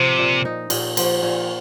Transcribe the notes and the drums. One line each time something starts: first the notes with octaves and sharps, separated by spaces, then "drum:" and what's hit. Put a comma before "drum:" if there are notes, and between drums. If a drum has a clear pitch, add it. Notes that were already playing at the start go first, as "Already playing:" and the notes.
Already playing: C3 F3
A#2
D#4
A#2, drum: cymbal
F3, drum: cymbal
A#2